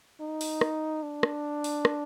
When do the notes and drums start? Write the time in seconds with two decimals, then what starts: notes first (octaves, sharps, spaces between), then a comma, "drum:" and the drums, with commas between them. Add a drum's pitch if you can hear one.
0.20 D#4
0.41 drum: open hi-hat
0.61 drum: rim click
1.03 D4
1.23 drum: rim click
1.64 drum: open hi-hat
1.85 drum: rim click